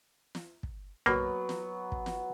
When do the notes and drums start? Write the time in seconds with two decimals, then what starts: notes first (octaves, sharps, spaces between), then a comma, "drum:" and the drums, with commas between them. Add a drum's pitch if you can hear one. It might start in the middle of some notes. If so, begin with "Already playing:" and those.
0.35 drum: snare
0.63 drum: kick
1.06 F#3 A#3 B3, drum: tom B1
1.49 drum: snare
1.92 drum: kick
2.06 drum: snare